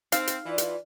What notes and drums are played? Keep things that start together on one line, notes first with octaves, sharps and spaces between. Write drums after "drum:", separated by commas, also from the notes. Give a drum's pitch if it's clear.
C4 D#4 F5 F6 C7, drum: hi-hat
drum: hi-hat
E3 F4 D5
drum: hi-hat